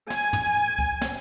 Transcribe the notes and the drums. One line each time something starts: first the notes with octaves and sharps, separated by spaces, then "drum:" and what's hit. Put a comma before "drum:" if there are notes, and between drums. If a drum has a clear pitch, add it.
G#5, drum: snare
drum: tom
drum: kick C#2
drum: snare